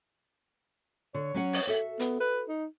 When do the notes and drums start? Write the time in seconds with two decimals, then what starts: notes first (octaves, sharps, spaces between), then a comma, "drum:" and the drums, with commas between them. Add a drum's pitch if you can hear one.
1.14 D3 C#5
1.34 F#3 C#4 F#5
1.53 drum: open hi-hat
1.67 F#4 A4 E5
1.99 B3, drum: hi-hat
2.20 B4
2.48 D#4